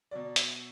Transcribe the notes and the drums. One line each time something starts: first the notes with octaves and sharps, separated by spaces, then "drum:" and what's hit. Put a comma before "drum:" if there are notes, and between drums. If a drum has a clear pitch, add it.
B2 F#3 D5
E5, drum: hi-hat